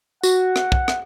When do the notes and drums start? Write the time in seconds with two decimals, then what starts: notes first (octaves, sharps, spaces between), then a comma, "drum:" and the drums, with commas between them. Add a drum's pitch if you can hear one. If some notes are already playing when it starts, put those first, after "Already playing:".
0.23 F#4 F#5, drum: tambourine
0.56 drum: rim click
0.72 drum: kick
0.88 drum: rim click